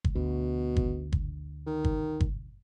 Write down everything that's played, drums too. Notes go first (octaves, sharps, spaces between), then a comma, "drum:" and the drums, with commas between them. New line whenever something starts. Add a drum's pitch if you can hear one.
drum: kick G1
D2 B2
drum: kick G1
drum: kick G1
D#3
drum: kick G1
drum: kick G1